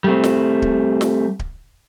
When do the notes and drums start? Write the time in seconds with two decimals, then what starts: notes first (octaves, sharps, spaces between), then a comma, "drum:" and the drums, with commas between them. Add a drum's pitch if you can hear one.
0.04 G3 A3 C4
0.24 drum: snare
0.62 drum: kick D1
1.01 drum: snare
1.39 drum: kick D1